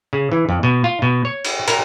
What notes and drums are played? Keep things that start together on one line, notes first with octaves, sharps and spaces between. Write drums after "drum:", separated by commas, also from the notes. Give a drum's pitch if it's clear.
C#3
E3
F2
B2
F4
B2
C#5
drum: cymbal
A#4, drum: cymbal